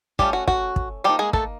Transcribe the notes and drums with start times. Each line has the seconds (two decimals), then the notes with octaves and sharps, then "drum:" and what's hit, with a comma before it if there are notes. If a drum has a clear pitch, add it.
0.19 G3 A3 C#4 F4 G4, drum: kick
0.33 F#4
0.48 F#4, drum: kick
0.76 drum: kick
1.04 F3 G3 A#3 D#4 G4
1.19 G#3 G#4
1.33 A3 A4, drum: kick